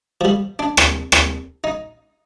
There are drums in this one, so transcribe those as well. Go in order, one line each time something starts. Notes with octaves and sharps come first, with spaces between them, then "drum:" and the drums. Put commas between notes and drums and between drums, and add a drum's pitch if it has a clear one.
F3
G3
D4
drum: rim click
drum: rim click
D#4